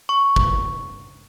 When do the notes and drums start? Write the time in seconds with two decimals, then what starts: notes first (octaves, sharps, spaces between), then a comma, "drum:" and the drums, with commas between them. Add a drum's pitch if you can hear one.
0.09 C#6
0.36 drum: kick G1